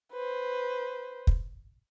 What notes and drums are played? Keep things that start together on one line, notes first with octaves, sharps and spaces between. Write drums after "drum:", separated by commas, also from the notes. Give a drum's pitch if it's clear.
B4 C5
drum: kick